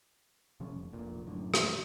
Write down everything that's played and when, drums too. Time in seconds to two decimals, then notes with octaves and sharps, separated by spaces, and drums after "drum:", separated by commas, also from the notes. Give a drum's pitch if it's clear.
0.60 C3 F3 G3 C#4
0.72 F1
0.92 F1 A#1 A#2
1.27 F#2 A2 D3
1.54 drum: rim click